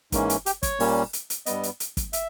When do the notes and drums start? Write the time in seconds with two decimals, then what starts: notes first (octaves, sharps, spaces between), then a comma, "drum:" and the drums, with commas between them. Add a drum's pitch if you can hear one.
0.12 G#2 E3 A#3 C#4, drum: kick G1, hi-hat
0.30 drum: hi-hat
0.46 G4, drum: hi-hat
0.63 C#5, drum: kick G1, hi-hat
0.80 A#2 G3 A#3 C#4, drum: open hi-hat
1.13 drum: hi-hat
1.30 drum: hi-hat
1.46 G2 G3 B3 D#5, drum: hi-hat
1.63 drum: hi-hat
1.80 drum: hi-hat
1.97 drum: kick G1, hi-hat
2.13 E5, drum: hi-hat